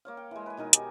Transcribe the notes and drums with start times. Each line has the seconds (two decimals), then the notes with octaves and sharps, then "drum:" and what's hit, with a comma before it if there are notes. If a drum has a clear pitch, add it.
0.05 A#3 C#5 F5
0.17 G5
0.31 E3 G#3
0.46 B4 G#5
0.57 B2 D#3 D#4 A#4
0.73 G4 G#4 G#5, drum: hi-hat